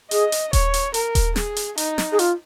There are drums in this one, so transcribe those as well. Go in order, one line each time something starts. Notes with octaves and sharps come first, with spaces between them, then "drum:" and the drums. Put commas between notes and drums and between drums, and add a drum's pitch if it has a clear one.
G#4 D#5, drum: hi-hat
drum: hi-hat
C#5, drum: kick D#1, hi-hat
drum: hi-hat
A#4, drum: hi-hat
drum: kick D#1, hi-hat
G#4, drum: snare
drum: hi-hat
D#4, drum: hi-hat
drum: snare
G#4
F4, drum: hi-hat